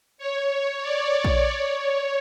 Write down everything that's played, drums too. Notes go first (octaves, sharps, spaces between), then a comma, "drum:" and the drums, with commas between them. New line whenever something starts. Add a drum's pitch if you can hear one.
C#5
D5
drum: kick
C#5